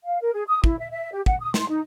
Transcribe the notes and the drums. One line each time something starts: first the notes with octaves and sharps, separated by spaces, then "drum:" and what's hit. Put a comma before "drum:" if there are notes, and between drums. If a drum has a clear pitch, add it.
F5
A#4
G#4
D#6
E4, drum: kick
E5
E5
G4
F#5, drum: kick
D#6
C6, drum: snare
D#4